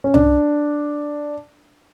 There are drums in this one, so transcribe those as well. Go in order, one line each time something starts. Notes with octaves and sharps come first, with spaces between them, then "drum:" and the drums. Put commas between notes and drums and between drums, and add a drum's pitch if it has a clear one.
C#4
D4, drum: tom C2